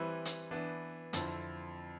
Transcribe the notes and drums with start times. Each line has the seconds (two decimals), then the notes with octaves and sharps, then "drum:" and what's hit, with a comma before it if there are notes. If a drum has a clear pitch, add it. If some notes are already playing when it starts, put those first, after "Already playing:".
Already playing: E3 G3 C4 E4 B4
0.25 drum: hi-hat
0.51 E3 B3 D4
1.13 F2 D3 F3 C4 E4, drum: hi-hat